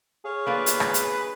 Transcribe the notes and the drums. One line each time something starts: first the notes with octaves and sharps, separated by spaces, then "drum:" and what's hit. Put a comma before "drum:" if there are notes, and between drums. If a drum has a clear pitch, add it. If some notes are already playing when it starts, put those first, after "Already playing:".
G#4 C#5 F5
A#3 D4 F4 B4
drum: hi-hat
drum: rim click
drum: hi-hat